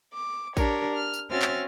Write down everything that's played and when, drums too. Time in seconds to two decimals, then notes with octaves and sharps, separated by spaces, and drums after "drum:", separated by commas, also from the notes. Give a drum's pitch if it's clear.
0.14 D6
0.57 D4 G4 A#4 C#5, drum: kick, tambourine
0.95 F6
1.13 drum: tambourine
1.30 C4 C#4 F#4 E5 F6 A6
1.42 drum: clap